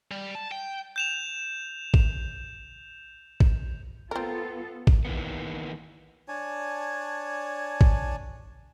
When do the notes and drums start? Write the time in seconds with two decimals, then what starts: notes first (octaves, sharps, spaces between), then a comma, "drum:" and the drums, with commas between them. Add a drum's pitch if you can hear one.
0.11 G3
0.35 A5
0.52 G5
0.96 G6 E7 F7
1.94 drum: kick A1
3.40 drum: kick A1
4.11 B3 C4 F4 A4 A#4
4.87 drum: kick A1
5.05 D#3 E3 A#3 B3
6.28 D4 C#5 G#5 A5
7.81 drum: kick A1